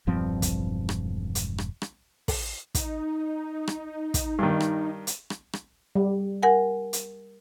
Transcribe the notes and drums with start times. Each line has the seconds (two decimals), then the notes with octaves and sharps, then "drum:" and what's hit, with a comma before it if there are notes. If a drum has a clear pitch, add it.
0.07 E1 G2 F3 C4
0.42 drum: kick, hi-hat
0.89 drum: rim click
1.35 drum: hi-hat
1.58 drum: rim click
1.82 drum: rim click
2.28 drum: kick, open hi-hat
2.75 D#4, drum: kick, hi-hat
3.68 drum: rim click
4.14 drum: kick, hi-hat
4.39 G2 D#3
4.60 drum: rim click
5.07 drum: hi-hat
5.30 drum: rim click
5.53 drum: rim click
5.95 G3
6.43 A#4 F#5 G#5
6.93 drum: hi-hat